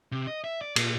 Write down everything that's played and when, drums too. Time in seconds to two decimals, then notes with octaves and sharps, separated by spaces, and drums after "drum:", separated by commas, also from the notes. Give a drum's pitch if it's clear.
0.12 C3
0.27 D#5
0.44 E5
0.61 D5
0.76 A#2, drum: cymbal